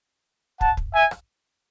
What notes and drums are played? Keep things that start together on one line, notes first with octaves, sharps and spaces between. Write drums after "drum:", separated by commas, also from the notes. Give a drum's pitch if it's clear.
F#5 A5, drum: kick
drum: kick
E5 G#5
drum: rim click